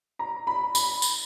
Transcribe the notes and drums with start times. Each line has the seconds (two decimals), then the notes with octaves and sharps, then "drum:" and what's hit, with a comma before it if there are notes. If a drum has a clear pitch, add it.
0.19 A#5
0.47 B5
0.75 B5, drum: tambourine
1.02 drum: tambourine